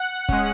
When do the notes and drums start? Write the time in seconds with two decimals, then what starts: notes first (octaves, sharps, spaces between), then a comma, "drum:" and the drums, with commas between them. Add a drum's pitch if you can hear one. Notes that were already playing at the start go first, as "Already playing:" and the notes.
Already playing: F#5
0.29 G#3 C#4, drum: kick